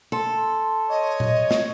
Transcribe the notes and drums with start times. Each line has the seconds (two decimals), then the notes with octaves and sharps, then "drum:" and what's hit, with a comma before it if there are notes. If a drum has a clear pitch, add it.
0.12 A4 C6
0.90 C#5 D#5
1.20 drum: tom A#2
1.51 drum: snare